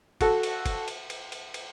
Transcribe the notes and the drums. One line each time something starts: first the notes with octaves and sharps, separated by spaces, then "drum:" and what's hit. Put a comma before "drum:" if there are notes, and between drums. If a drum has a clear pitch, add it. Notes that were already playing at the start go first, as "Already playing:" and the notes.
F#4 A4, drum: kick, cymbal
drum: cymbal
drum: kick, cymbal
drum: cymbal
drum: cymbal
drum: cymbal
drum: cymbal